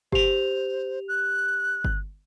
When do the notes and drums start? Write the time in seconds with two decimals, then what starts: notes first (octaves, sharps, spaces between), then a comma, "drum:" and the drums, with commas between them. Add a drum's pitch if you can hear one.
0.12 G4 C5 F7, drum: kick G1
1.08 F#6
1.84 drum: kick G1